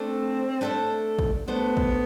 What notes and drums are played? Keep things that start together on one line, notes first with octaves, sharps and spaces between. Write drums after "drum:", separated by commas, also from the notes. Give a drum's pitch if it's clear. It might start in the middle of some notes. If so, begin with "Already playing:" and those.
Already playing: A3 C4 D4 A4 C5
A3 D4 A4 C5
drum: kick
A3 B3 D4 A4 C5
drum: kick